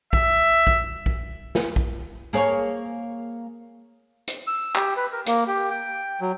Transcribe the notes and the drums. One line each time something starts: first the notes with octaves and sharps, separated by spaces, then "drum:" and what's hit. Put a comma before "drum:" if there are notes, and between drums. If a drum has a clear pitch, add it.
E5, drum: kick
drum: kick
drum: kick
drum: snare
drum: kick
A#3 G#4 C#5
drum: hi-hat
E6
G4, drum: clap
B4
A#4
A#3, drum: hi-hat
G4
G5
F#3